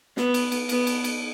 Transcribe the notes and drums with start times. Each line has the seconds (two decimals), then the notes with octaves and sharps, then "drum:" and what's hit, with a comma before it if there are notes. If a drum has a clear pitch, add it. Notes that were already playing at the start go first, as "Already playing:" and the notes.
0.17 B3, drum: snare
0.34 drum: cymbal
0.52 drum: cymbal
0.69 B3, drum: cymbal
0.87 drum: cymbal
1.04 drum: cymbal